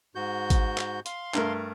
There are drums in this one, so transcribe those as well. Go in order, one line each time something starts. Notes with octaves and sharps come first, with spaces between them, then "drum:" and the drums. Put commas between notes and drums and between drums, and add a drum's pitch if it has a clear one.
G#2 F#4 G6
drum: kick G#1, hi-hat
drum: clap
F5 C6, drum: hi-hat
G2 A3 A#4, drum: clap